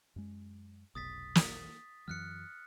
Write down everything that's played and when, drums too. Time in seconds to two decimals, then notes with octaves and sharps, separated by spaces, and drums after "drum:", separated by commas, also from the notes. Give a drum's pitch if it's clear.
0.16 F#2 G#3
0.95 F1 B1 D#6 A6 B6
1.35 drum: snare
2.08 F#2 E3 F#3 F6 F#6 C#7